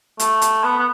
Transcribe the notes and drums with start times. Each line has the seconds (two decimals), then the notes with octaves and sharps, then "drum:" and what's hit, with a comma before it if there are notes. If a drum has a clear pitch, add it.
0.19 A3, drum: hi-hat
0.42 drum: hi-hat
0.64 B3
0.78 B3